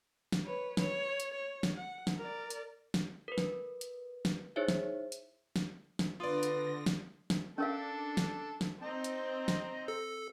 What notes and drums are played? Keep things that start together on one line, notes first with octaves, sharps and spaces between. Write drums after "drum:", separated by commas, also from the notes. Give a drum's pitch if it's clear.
drum: snare
B4 C#5
C#5, drum: snare
drum: hi-hat
C#5
drum: snare
F#5
drum: snare
A#4 D5
drum: hi-hat
drum: snare
A#4 B4
drum: snare
drum: hi-hat
drum: snare
D#4 E4 G#4 C5 C#5 E5
drum: snare
drum: hi-hat
drum: snare
drum: snare
D3 B3 F4 D5 C6 D#6 A#6 D#7
drum: hi-hat
drum: snare
drum: snare
C#4 D4 A4 A#4 F5
drum: snare
drum: snare
C4 D#5 A#5
drum: hi-hat
drum: snare
A4